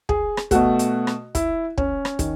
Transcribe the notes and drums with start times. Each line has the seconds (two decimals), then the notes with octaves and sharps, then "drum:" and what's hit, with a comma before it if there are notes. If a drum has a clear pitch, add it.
0.09 G#4, drum: kick
0.37 drum: rim click
0.51 B2 A3 F#4, drum: kick, hi-hat
0.79 drum: hi-hat
1.07 drum: rim click
1.35 E4, drum: kick, hi-hat
1.78 C#4, drum: kick
2.05 drum: rim click
2.19 D#3, drum: kick, hi-hat